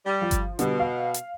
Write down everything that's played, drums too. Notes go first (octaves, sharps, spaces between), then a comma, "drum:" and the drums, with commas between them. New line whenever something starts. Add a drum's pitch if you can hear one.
G3
F3
drum: kick G1, hi-hat
B2 D3 G3 B3, drum: hi-hat
F5
drum: hi-hat